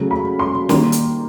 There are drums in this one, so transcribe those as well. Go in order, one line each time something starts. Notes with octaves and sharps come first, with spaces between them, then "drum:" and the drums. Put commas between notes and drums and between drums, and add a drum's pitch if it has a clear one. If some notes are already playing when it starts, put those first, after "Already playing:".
Already playing: C#3 F#3 A3
B5
C6
D#3 G3 A#3 C6, drum: snare
drum: hi-hat